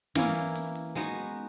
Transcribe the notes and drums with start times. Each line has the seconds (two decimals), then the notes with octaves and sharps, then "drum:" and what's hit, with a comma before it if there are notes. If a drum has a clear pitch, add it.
0.15 E3 A#3 C#4 E4, drum: snare
0.35 drum: hi-hat
0.55 drum: open hi-hat
0.75 drum: hi-hat
0.95 G#3 B3 D#4 F#4, drum: hi-hat